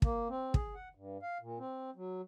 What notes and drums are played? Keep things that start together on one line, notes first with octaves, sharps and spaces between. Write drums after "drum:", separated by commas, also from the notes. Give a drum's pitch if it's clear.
A#3, drum: kick
C4
G#4, drum: kick
F#5
G2
F5
A#2
C4
F#3